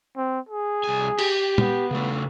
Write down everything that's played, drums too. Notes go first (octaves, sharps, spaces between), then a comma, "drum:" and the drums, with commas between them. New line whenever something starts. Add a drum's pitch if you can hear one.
C4
G#4
C2 G#5
G4, drum: cymbal
B3, drum: tom
C#3 A3